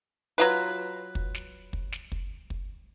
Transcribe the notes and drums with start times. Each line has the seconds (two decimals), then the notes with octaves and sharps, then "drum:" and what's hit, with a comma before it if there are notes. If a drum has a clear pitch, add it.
0.38 F#3 F4 B4
1.15 drum: kick
1.35 drum: snare
1.73 drum: kick
1.92 drum: snare
2.12 drum: kick
2.50 drum: kick